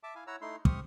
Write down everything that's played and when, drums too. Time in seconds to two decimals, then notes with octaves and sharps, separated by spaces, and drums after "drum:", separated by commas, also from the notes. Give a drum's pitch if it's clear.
0.03 E5 A5 D6
0.15 E4 F5 G#5
0.27 E4 C#5 F#5 A#5 E6
0.41 A3 D#4 E4 C6
0.65 G4 C5 C#6 D#6 F6, drum: kick